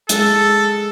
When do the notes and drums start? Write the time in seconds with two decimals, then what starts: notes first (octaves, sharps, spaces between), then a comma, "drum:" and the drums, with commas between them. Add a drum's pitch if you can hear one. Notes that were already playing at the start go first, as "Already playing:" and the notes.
0.09 G#3 A4, drum: hi-hat